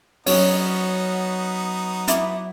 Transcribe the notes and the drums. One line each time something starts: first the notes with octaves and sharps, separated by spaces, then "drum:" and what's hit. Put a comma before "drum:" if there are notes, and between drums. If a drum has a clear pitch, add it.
F#3 B3 C#4 D#4 F#4, drum: open hi-hat
E4 D6, drum: hi-hat